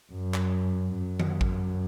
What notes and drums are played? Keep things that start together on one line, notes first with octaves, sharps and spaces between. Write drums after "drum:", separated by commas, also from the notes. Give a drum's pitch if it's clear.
F#2
drum: clap
F#2
drum: tom D#3
drum: kick A1